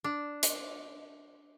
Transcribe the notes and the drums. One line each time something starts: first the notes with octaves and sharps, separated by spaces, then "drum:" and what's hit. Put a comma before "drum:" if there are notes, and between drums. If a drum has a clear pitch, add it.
D4
drum: hi-hat